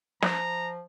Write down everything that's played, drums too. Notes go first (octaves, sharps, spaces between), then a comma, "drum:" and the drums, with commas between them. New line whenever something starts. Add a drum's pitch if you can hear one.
F3 A#5, drum: snare